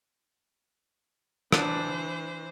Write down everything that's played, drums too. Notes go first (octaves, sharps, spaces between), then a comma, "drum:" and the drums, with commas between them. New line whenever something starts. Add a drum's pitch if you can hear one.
E3 D4 B4 C5, drum: rim click